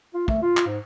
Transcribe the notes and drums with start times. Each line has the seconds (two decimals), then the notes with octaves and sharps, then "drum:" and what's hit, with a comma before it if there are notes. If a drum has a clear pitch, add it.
0.14 F4
0.28 A3, drum: kick
0.42 F4
0.57 drum: clap
0.66 G#2